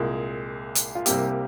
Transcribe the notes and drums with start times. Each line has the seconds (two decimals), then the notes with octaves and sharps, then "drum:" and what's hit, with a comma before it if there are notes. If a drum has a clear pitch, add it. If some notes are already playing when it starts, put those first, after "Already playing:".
Already playing: C2 A#2 G#3
0.75 drum: hi-hat
0.95 F4
1.06 C2 C3 G3 A#3 G4, drum: hi-hat